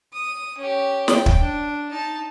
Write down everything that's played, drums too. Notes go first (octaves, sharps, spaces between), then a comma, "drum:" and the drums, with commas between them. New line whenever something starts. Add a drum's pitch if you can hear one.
D#6
C#4 G4
G5, drum: snare
drum: kick
D4
D#4 A5